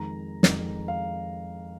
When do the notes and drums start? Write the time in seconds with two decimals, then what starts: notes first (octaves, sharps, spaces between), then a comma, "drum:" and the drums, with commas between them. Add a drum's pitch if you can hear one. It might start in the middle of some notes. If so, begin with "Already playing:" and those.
Already playing: F2 D#3 G#3 A#5
0.43 F2 D#3 G#3, drum: snare
0.88 F5